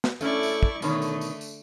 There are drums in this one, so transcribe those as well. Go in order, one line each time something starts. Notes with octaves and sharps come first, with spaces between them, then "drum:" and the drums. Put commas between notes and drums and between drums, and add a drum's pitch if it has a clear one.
drum: snare
A3 C#4 E4 D5 C#6, drum: tambourine
drum: tambourine
drum: kick
B2 D3 D#3 A3 C#5, drum: tambourine
drum: tambourine
drum: tambourine
drum: tambourine